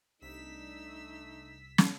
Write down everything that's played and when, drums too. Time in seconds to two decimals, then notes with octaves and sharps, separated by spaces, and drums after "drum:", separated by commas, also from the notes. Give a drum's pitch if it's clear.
0.21 C2 A3 D4 D#4 E6 B6
1.78 drum: snare